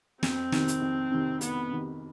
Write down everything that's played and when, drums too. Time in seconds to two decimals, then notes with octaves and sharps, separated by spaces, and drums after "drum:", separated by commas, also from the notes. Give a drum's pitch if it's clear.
0.23 F2 C4, drum: snare
0.52 C3 D#3, drum: snare
0.68 drum: hi-hat
0.82 F2
1.11 C3 D#3
1.41 F2 B3, drum: hi-hat
1.71 C3 D#3